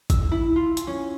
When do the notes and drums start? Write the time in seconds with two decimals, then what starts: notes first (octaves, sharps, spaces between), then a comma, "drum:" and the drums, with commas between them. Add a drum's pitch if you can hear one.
0.10 E6, drum: kick, hi-hat
0.32 E4
0.56 F4
0.77 drum: hi-hat
0.87 C#4